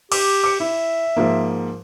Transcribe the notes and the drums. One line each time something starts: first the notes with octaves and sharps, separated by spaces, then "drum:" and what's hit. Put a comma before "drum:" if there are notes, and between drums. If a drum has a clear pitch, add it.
G4 D6, drum: cymbal
D6 C#7
E4 E5
G#2 F3 A#3